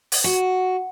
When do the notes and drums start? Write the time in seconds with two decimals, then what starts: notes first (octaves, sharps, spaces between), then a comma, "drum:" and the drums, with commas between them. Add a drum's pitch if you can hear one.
0.12 drum: open hi-hat
0.24 F#4